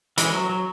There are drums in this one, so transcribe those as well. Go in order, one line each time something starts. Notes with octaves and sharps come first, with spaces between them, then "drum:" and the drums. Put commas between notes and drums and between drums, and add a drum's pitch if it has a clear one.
E3 G#3, drum: hi-hat
F#3
F#3